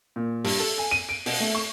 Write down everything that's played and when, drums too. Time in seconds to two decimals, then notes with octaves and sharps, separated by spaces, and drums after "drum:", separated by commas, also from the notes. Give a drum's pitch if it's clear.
0.16 A#2
0.44 G2, drum: open hi-hat
0.60 A4
0.78 G#5
0.91 D#7
1.09 D7
1.26 B2, drum: open hi-hat
1.40 A3
1.55 C#6